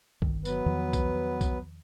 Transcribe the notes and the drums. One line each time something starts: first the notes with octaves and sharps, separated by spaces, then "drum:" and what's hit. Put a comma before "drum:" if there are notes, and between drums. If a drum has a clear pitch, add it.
G1 D#3, drum: kick B1
F#3 B3 B4, drum: tambourine
E2 D#3 F3
drum: kick B1, tambourine
drum: kick B1, tambourine